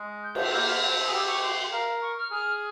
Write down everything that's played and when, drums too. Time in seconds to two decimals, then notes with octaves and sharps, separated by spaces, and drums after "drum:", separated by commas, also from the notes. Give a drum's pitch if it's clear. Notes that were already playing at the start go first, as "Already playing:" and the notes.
Already playing: G#3
0.24 G6
0.35 drum: cymbal
0.45 C4
0.54 A#3 G6
0.83 C4
1.07 G#4
1.13 G4 E6
1.28 C#6
1.43 C6
1.73 A#4 F5
2.02 C#6
2.17 F6
2.31 G#4 F6